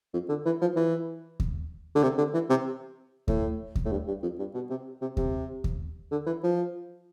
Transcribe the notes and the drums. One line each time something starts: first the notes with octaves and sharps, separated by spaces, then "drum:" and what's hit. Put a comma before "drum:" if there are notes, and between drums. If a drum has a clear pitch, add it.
F2
D3
E3
F3
E3
drum: kick D#2
D3
C3
D3
E3
C3
A2, drum: kick D#2
drum: kick D#2
A2
G2
G2
F2
G2
B2
C3
C3
C3, drum: kick D#2
drum: kick D#2
D3
E3
F3